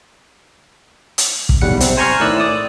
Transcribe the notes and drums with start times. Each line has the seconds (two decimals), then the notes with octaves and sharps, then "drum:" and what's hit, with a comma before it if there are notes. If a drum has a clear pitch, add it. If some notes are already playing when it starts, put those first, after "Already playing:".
1.18 drum: hi-hat
1.49 drum: kick
1.61 B1 E2 G3 F#5 C#7
1.80 C3 C4, drum: hi-hat
1.97 C5 G#5 A#5 C6 C#6 F6
2.20 A2 D#3 E4 D5 E6 F#6
2.40 D5 D#6